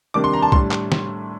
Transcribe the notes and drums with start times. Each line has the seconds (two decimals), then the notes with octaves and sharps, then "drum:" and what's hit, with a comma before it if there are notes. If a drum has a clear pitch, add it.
0.14 C3 D#3 G3 D4 D6
0.24 C6
0.33 A#5
0.43 A5
0.52 A2 G3 D4 C6, drum: kick
0.71 drum: clap
0.92 drum: snare